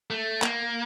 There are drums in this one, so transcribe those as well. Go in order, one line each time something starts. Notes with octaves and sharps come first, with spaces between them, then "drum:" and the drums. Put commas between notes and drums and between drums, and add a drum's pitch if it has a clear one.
A3
A#3, drum: clap